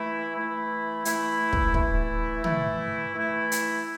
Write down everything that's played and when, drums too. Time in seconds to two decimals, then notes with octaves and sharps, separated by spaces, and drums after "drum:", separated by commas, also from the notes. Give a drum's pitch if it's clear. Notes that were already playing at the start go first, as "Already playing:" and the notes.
Already playing: E3 A3 E4
0.35 E3 A3 E4
1.05 E3 A3 E4, drum: hi-hat
1.53 drum: kick
1.74 E3 A3 E4, drum: kick
2.44 E3 A3 E4, drum: tom
3.15 E3 A3 E4
3.52 drum: hi-hat